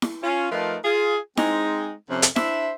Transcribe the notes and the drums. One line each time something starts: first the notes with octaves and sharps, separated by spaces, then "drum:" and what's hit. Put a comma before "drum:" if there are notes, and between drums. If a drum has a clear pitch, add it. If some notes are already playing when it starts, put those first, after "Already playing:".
drum: snare E4
C#4 F4
F3 A3 D#4 F4 A#4 B4
F4 G#4
G#3 C4 D#4, drum: snare E4
F2 C3 C#4
drum: hi-hat
D4 E4 C5 E5, drum: snare E4